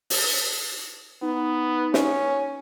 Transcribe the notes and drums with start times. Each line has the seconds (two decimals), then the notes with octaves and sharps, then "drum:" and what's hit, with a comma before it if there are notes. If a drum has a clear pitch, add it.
0.10 drum: open hi-hat
1.22 B3 D#4
1.94 C#4, drum: snare